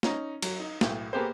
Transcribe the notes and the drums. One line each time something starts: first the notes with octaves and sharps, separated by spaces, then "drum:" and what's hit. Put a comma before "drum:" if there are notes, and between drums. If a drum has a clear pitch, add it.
C#4 D#4 A#5, drum: snare
F#3, drum: cymbal
D#4
B1 A2, drum: snare
A#3 B3 G4 G#4 C5